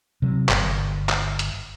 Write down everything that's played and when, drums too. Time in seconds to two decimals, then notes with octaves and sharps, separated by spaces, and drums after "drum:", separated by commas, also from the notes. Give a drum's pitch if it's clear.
0.22 C3 F#3
0.49 G1, drum: clap
1.09 drum: clap
1.39 drum: hi-hat